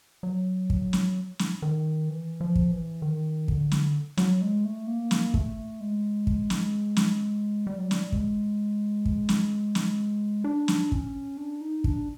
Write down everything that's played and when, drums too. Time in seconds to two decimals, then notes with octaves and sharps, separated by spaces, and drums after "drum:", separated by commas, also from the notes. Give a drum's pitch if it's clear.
0.23 F#3
0.70 drum: kick
0.93 drum: snare
1.39 drum: snare
1.62 D#3
2.09 E3
2.41 F3
2.55 drum: kick
2.71 E3
3.02 D#3
3.48 D3, drum: kick
3.71 drum: snare
4.17 F#3, drum: snare
4.41 G#3
4.65 A3
4.87 A#3
5.11 drum: snare
5.34 A3, drum: kick
5.81 G#3
6.27 drum: kick
6.50 drum: snare
6.97 drum: snare
7.67 G3
7.79 F#3
7.91 G3, drum: snare
8.12 G#3, drum: kick
9.05 drum: kick
9.29 drum: snare
9.75 drum: snare
10.44 D4
10.68 drum: snare
10.92 C#4, drum: kick
11.37 D4
11.61 D#4
11.84 D4, drum: kick